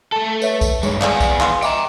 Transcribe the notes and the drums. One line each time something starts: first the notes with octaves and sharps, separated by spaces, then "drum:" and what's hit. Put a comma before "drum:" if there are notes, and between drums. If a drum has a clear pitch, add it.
A3 A4 A5
B4 C#5 E5, drum: tambourine
drum: kick B1, tambourine
G2 G#3 G#4 C#5, drum: tambourine
B3 G#4 D5 F5, drum: clap
drum: kick B1, tambourine
F5 C6, drum: clap
D#5 E5 G5 A#5 D6, drum: tambourine